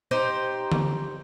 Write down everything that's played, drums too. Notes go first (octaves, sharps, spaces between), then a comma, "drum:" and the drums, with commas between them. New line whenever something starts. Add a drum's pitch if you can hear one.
D#4 G4 C5
drum: tom D3